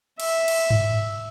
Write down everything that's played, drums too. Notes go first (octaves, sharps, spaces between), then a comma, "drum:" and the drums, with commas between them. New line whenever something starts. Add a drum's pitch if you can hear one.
E5, drum: cymbal
drum: cymbal
drum: tom G2